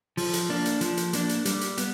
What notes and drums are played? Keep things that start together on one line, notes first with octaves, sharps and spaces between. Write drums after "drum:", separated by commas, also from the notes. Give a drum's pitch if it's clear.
F3, drum: open hi-hat
drum: hi-hat
A#3 D4
drum: hi-hat
F3, drum: hi-hat
drum: hi-hat
A#3 D4, drum: hi-hat
drum: hi-hat
G3, drum: hi-hat
drum: hi-hat
B3, drum: hi-hat